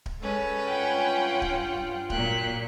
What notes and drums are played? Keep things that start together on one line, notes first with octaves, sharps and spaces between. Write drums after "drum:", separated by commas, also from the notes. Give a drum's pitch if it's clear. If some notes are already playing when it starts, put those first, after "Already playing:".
drum: kick D1
G#3 C#4 A4 B4
G2 F4 F#5 G5
drum: kick D1
A#2 F#3 G5 F#6, drum: kick D1